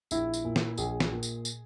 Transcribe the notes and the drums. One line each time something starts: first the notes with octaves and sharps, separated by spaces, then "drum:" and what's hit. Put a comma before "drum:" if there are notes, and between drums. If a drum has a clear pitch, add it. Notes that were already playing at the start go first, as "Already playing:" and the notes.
A#1 E4, drum: tambourine
drum: tambourine
A#2
drum: snare
A#1 G#4, drum: tambourine
drum: snare
A#2
drum: tambourine
drum: tambourine